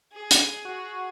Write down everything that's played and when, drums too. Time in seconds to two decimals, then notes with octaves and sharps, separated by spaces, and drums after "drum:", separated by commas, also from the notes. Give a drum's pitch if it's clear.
0.12 G#4
0.31 drum: hi-hat
0.65 F#4